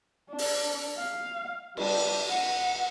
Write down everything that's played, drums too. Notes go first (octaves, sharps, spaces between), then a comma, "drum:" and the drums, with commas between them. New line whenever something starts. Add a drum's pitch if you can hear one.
D4
drum: open hi-hat
F5
G3 D4, drum: cymbal
F#5